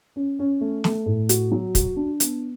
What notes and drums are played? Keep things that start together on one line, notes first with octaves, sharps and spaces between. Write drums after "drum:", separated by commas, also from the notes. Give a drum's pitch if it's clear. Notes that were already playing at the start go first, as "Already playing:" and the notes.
C#4
C#4
A3
A3, drum: snare
A2
F#4, drum: hi-hat
F#3
F#4, drum: kick, hi-hat
D4
B3, drum: hi-hat